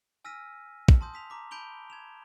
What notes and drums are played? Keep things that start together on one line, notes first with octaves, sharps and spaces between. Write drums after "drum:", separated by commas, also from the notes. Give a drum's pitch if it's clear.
G#5 E6 F6 A#6 B6 D#7
drum: kick
A5 C6 D#6 G6
D#6 B6 F7
A#5 D6 B6
A5 B5 G6 D7 F7 G7
G#6 E7 F7